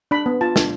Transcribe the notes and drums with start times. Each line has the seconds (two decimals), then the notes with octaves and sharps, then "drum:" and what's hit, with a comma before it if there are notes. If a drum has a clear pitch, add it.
0.11 D4 B5
0.26 B3
0.41 F4 A5
0.56 D4, drum: snare